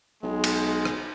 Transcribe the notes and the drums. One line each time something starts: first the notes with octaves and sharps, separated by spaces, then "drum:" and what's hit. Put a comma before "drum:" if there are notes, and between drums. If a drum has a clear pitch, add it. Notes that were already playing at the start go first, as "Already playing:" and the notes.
B1 G#3
drum: cymbal
drum: rim click